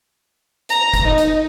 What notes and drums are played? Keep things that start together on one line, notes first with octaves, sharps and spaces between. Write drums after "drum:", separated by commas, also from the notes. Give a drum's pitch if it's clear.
A#5, drum: hi-hat
drum: kick F#1, hi-hat
D#4
drum: hi-hat